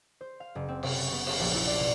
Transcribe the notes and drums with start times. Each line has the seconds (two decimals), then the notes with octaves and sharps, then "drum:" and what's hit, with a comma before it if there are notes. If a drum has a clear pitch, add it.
0.21 C5
0.40 F5
0.55 F#1
0.68 C4
0.83 C3, drum: cymbal
0.98 C#6
1.12 B3
1.27 E7, drum: cymbal
1.40 A#1, drum: cymbal
1.54 E4
1.67 D5
1.80 B2